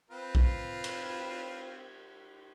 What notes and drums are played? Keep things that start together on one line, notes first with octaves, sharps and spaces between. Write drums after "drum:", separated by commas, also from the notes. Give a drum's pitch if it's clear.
C4 F4 B4
drum: kick A#1
drum: cymbal